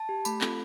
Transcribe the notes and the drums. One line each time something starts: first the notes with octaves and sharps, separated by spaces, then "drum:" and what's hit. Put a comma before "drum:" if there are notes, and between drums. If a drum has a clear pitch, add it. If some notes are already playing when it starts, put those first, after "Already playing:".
Already playing: A5
G4
A3 B5, drum: tambourine
C4 F4 A4, drum: clap